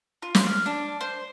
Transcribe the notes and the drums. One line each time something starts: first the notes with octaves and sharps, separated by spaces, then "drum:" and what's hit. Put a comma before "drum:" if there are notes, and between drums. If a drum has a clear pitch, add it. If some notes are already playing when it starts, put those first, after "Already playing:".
F4
C6, drum: snare
F6
D4
C5